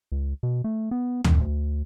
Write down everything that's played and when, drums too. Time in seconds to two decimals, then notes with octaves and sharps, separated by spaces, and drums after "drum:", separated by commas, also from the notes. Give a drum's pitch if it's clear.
0.12 C#2
0.43 B2
0.64 A3
0.91 B3
1.24 F#2, drum: tom D2
1.41 D2